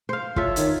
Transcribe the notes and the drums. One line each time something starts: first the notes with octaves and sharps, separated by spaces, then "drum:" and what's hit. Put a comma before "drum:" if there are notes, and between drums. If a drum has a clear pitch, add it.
C5 F5
F4 A4 C#5 E5, drum: kick
D#3, drum: hi-hat